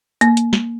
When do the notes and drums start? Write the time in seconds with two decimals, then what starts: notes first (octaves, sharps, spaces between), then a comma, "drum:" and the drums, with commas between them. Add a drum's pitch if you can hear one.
0.21 A#3, drum: hi-hat
0.37 drum: hi-hat
0.53 drum: snare